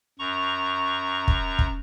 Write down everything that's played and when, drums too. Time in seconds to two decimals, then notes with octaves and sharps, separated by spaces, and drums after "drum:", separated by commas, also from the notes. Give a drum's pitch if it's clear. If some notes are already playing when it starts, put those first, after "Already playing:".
0.19 F#2 A#5 C#6
1.28 drum: kick
1.59 drum: kick